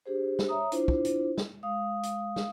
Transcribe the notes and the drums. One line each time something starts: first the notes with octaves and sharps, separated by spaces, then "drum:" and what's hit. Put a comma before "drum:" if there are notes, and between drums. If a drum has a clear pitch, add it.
D4 G4 G#4 C5
drum: snare
C#5 E5 A#5 D#6
D4 E4 F4 C5, drum: hi-hat
drum: kick
drum: hi-hat
drum: snare
G#3 F5 D#6
drum: hi-hat
drum: snare